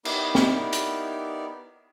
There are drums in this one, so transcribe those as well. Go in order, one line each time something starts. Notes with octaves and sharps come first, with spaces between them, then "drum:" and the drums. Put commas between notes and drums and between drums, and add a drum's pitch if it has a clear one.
B3 D#4 E4 G4 A#4 D5, drum: cymbal
drum: snare C4
drum: hi-hat